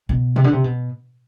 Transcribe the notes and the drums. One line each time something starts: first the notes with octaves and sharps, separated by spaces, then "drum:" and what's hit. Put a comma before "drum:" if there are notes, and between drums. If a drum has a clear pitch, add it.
B2
C3, drum: tom B2
D3
C3
B2